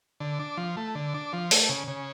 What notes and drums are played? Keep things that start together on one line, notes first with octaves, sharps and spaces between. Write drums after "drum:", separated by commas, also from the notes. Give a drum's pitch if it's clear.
D3
D4
F3
A3
D3
D4
F3
A3, drum: open hi-hat
C#3
C#3